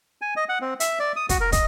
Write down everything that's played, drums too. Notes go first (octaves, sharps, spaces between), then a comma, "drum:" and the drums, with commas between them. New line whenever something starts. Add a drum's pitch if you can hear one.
G#5
D#5
F#5
C4
E5, drum: hi-hat
D5
D#6
F#4, drum: kick, hi-hat
A#4
D#5, drum: kick, hi-hat